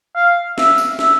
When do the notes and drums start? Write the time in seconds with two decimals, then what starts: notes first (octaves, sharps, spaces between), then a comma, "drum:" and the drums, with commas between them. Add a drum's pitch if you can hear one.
0.16 F5
0.58 E5, drum: snare
0.78 drum: tambourine
0.99 E5, drum: snare